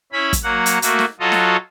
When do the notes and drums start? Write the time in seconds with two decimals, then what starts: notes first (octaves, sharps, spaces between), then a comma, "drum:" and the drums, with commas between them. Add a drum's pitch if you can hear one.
0.12 C#4 E4 B5
0.33 drum: kick, hi-hat
0.43 F#3 A#3 F#5
0.66 drum: hi-hat
0.82 A3 A#3 F#4, drum: hi-hat
0.99 drum: snare
1.20 F#3 F4 F#4 A4 D#5
1.32 drum: snare